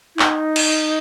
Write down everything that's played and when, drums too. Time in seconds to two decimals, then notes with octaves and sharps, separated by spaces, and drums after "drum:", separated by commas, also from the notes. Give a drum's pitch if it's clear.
0.15 E4
0.19 D#4, drum: clap
0.56 drum: cymbal